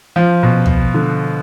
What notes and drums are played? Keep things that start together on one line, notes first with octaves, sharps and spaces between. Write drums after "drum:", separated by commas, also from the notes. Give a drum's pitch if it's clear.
F3
B2
drum: tom
D3